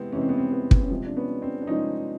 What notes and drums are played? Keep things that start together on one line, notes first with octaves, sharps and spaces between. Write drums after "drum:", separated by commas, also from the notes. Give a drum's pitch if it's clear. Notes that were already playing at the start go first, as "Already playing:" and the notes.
Already playing: C3 E3 G#3 B3 C4
C3 E3 G#3 C#4
C4
B3
C4
B3
drum: kick
C#4
C3 F3 G#3 C4
D4
B3 C#4
C4 D4
D4
C3 F3 G#3 C#4 D#4